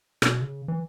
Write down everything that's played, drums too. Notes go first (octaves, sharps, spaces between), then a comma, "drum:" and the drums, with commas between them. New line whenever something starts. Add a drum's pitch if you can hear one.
B2, drum: rim click
C#3
E3